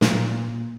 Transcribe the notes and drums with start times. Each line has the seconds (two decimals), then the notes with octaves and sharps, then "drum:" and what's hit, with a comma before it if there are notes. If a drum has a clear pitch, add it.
0.01 A#2, drum: snare